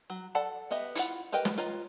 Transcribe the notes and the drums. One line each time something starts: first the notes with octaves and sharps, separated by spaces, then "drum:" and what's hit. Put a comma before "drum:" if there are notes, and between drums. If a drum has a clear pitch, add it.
F#3
A4 D5 F#5 A5 B5
B3 G4 D#5 E5
E4 F4 F#5, drum: hi-hat
G4 A#4 B4 D#5 G5
drum: snare
F4 B4 C#5 D#5 A#5